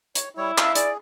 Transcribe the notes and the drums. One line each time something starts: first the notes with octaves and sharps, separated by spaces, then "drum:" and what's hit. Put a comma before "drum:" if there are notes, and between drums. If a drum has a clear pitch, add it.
C#5, drum: hi-hat
G3 E4 C#5
E5 F5, drum: clap
G#4 D5, drum: hi-hat